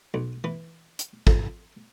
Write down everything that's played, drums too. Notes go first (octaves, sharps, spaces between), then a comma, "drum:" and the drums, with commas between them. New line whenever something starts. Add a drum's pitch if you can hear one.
B1
E3
drum: hi-hat
F2, drum: kick